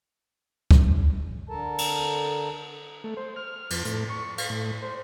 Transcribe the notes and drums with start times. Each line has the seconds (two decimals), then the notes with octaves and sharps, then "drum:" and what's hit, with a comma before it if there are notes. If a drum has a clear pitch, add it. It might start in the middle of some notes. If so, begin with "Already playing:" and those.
0.71 drum: kick C#2
1.49 D3 A4 A#4 A5
1.78 drum: cymbal
3.04 A3
3.17 C5
3.36 F6
3.70 F2, drum: cymbal
3.85 A2, drum: hi-hat
4.09 C#6
4.38 F5, drum: cymbal
4.50 A2
4.82 C5